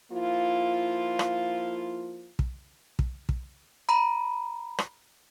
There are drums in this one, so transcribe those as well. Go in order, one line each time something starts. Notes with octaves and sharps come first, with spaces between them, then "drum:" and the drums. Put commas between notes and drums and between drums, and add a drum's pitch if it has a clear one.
F3 A#3 E4 F4
drum: rim click
drum: kick
drum: kick
drum: kick
A#5 B5
drum: rim click